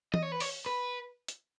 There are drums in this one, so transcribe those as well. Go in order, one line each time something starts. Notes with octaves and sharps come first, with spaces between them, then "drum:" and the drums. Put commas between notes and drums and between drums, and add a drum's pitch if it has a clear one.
D#5, drum: tom
C#5
B4
C#5, drum: open hi-hat
B4
drum: hi-hat